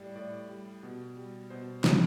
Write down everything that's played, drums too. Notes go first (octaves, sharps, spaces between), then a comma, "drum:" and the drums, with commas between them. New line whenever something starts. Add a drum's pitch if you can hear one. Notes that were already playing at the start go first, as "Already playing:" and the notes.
Already playing: A2 G3 D5
A2 D5
G3
B2
G3
B2 C5
G3, drum: snare